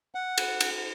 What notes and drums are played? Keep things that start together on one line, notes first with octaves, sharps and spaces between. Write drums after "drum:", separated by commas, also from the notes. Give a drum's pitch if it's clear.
F#5
drum: cymbal
drum: cymbal